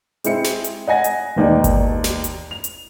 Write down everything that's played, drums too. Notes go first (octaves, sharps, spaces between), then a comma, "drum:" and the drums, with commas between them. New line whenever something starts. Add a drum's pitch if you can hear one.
G#3 C4 E4 C#7, drum: hi-hat
drum: snare
drum: hi-hat
D#5 F#5 G#5 A#6
drum: hi-hat
E1 D#2 D#4 D5
drum: kick G1, hi-hat
drum: snare
drum: hi-hat
F7
drum: hi-hat